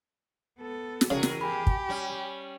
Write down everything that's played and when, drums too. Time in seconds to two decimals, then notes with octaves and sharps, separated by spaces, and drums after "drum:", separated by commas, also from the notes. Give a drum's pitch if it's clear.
0.58 B3 A4
1.01 drum: snare
1.10 E2 C#3 F#4 G#4 A#4
1.23 drum: snare
1.41 G4 G#5 B5
1.67 drum: kick
1.89 G3 C#4